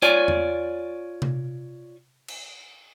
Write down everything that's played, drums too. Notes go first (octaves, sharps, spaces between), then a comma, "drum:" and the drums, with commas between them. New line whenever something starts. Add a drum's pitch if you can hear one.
F4 C#5 D5 G#5, drum: hi-hat
drum: tom E2
drum: tom C3
drum: cymbal